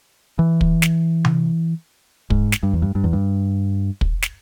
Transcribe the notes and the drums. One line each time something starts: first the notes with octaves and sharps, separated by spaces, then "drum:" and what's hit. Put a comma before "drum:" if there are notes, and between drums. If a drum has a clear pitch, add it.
E3
drum: kick
drum: snare
drum: tom C3
G#2, drum: kick
drum: snare
G2
E2
G2
G2
E2
G2
drum: kick
drum: snare